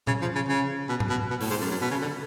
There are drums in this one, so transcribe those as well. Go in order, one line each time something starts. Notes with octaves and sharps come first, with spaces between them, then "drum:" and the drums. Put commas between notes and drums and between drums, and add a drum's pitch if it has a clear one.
C#3, drum: tom A#2
F3
C#3
C#3
B2
drum: tom G#2
B2
B2
A2, drum: open hi-hat
G#2
F#2
F#2
B2
C#3
D3